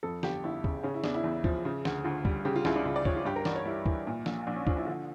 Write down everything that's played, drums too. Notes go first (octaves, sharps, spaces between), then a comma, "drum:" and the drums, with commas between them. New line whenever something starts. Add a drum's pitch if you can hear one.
F2 A4
G1 G4, drum: snare
G1 E4
C#3, drum: kick
C#3 C#4
E4
E2 D4, drum: snare
E4
E2
F3, drum: kick
C#3
D2, drum: snare
D2 F4
G3, drum: kick
C#3 G4
F4
C#2 E4, drum: snare
D4
C#2
D5
F3 C#5, drum: kick
F4
G2 G4
A#4
A1 D5, drum: snare
C#5
G3 E4
E3, drum: kick
A#2
A#1, drum: snare
A#1 D4
C#4
F3 D4, drum: kick
E4
D3